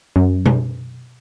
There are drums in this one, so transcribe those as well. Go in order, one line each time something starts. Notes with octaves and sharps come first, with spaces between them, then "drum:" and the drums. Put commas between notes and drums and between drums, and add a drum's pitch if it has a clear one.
F#2
drum: tom B2